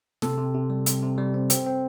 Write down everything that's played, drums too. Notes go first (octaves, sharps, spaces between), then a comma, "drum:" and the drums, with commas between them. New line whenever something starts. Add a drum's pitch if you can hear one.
C3 A4, drum: snare
C3
C3
G3
C3, drum: hi-hat
C3
G3
C4
C4, drum: hi-hat
C4